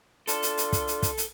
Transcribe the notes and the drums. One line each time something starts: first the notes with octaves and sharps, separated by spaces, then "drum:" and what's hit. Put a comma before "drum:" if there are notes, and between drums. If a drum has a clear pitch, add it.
D4 F4 A4, drum: hi-hat
drum: hi-hat
drum: hi-hat
drum: kick, hi-hat
drum: hi-hat
drum: kick, hi-hat
drum: hi-hat